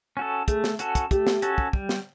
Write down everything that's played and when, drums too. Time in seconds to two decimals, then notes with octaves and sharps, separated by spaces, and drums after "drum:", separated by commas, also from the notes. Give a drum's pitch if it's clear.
0.17 C#4 F#4 A4
0.48 A3 G#4, drum: kick, hi-hat
0.64 drum: snare
0.79 C#4 F#4 A4, drum: hi-hat
0.95 drum: kick, hi-hat
1.11 A3 G4, drum: kick, hi-hat
1.27 drum: snare
1.42 C#4 F#4 A4, drum: hi-hat
1.58 drum: kick
1.73 G3, drum: kick
1.89 drum: snare